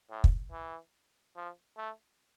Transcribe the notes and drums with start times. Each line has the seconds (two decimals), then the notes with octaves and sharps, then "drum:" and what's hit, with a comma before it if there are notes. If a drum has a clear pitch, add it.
0.10 A2
0.24 drum: kick
0.51 E3
1.36 F3
1.77 A3